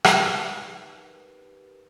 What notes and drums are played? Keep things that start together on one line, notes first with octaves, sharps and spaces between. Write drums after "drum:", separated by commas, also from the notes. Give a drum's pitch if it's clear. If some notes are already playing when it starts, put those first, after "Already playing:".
D#4 G4 A#4 B4, drum: rim click